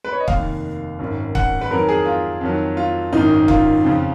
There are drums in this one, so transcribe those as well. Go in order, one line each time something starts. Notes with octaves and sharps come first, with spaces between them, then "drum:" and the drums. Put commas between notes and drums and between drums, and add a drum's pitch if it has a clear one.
B4
C#5
D#5
F1 D#2 D#3 F5, drum: kick
G#1 F#2 D#3
F#5, drum: kick
B4
F2 D#3 F#3 A#4
G#4
F4
F2 D#3 F#3
F4
G#1 F#2 D#3 D#4
F4, drum: kick
F2 C#3 F3